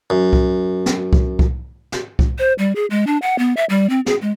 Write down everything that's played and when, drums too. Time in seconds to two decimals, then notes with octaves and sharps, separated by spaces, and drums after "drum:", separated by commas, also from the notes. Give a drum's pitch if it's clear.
0.10 F#2
0.33 drum: kick C2
0.86 drum: snare
1.13 drum: kick C2
1.39 drum: kick C2
1.92 drum: snare
2.19 drum: kick C2
2.39 C5
2.58 G3
2.76 G#4
2.90 G#3
3.07 D4
3.22 F#5
3.39 B3
3.57 E5
3.70 G3
3.90 C4
4.06 G#4, drum: snare
4.22 G#3